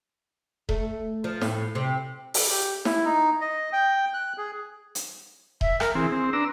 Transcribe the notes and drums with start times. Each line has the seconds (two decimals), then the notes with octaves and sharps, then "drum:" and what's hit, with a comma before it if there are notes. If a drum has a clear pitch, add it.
0.69 A3, drum: kick D#1
1.24 F3
1.41 A2, drum: snare
1.75 C3
2.34 drum: open hi-hat
2.50 G4
2.85 E4, drum: snare
3.05 D#4
3.41 D#5
3.73 G5
4.14 F#6
4.38 G#4
4.95 drum: hi-hat
5.61 E5, drum: kick D#1
5.80 A#4, drum: rim click
5.95 E3 C4 G#4
6.12 C4
6.33 D4 B4 A#5 E6